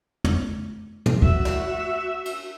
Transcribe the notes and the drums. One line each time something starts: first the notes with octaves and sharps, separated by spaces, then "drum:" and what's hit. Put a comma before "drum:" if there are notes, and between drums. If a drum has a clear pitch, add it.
drum: tom
drum: tom
F#4 E5, drum: kick
drum: snare
drum: cymbal